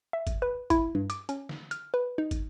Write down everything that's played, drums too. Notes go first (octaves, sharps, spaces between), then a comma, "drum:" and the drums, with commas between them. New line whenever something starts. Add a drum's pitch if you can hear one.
E5
drum: kick, hi-hat
B4
E4, drum: kick, hi-hat
G2
D6, drum: hi-hat
C#4, drum: hi-hat
drum: snare
F6, drum: hi-hat
B4
D#4
drum: kick, hi-hat